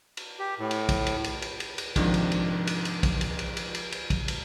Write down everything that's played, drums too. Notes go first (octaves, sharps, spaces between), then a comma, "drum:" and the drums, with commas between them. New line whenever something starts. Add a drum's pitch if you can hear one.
drum: cymbal
G4
A2
drum: cymbal
drum: kick, cymbal
drum: cymbal
drum: cymbal
drum: cymbal
drum: cymbal
drum: cymbal
G#2 C3 D#3 F3 D4, drum: kick, cymbal
drum: cymbal
drum: cymbal
drum: cymbal
drum: cymbal
drum: kick, cymbal
drum: cymbal
drum: cymbal
drum: cymbal
drum: cymbal
drum: cymbal
drum: kick, cymbal
drum: cymbal